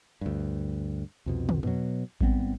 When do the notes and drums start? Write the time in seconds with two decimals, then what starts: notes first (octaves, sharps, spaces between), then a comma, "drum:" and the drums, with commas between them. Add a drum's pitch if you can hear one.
0.21 D2 G2
1.26 C2 F2 B2
1.49 drum: tom
1.63 B2 F#3, drum: tom E2
2.21 G#1 G3 B3 C4, drum: kick A1